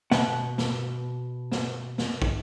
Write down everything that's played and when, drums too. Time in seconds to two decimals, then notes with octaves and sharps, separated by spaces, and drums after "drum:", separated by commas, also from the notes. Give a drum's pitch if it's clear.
0.11 B2 F#5, drum: snare
0.58 drum: snare
1.52 drum: snare
1.98 drum: snare
2.22 drum: kick